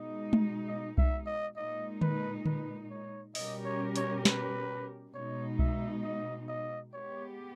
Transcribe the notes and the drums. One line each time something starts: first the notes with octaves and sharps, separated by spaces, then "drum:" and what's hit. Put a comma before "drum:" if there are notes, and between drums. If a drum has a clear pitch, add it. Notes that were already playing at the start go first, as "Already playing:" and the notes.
Already playing: B2 G#3 D#4 D#5
drum: tom G#3
D#5
E5, drum: kick C2
D#5
A#2 G#3 D#4 D#5
B4, drum: tom D3
B4, drum: tom D3
C#5
B2 G3 C#4 G4 A#4 D#5, drum: open hi-hat
C#5
C#5, drum: hi-hat
B4, drum: snare
B2 G#3 D#4 C#5
E5, drum: kick C2
D#5
D#5
G#3 B3 G4 C#5